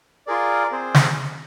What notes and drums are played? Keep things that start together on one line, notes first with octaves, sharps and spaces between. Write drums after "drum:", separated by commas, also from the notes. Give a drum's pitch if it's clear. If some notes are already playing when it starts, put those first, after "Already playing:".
F4 G#4 A#4 D5
C4 G#4 C5
drum: snare